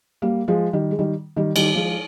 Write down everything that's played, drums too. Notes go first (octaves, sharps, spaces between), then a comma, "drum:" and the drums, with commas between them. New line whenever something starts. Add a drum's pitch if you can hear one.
G3 A#3
F3 G#3
D#3 G3
G#3
D#3 G3
D#3 G3
D#3 G3, drum: cymbal
F3 G#3